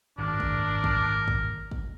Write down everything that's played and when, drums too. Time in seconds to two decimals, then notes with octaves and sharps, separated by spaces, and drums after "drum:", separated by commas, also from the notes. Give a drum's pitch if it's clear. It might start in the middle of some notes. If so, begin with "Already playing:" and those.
0.18 G#1 F#2 A2 D4 A#4
0.40 drum: kick
0.84 drum: kick
1.28 drum: kick
1.71 drum: kick